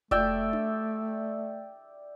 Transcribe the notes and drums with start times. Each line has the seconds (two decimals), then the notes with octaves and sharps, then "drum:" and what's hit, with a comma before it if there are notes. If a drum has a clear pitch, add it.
0.11 A3 D5 E5 G5, drum: kick F1
0.53 drum: tom D4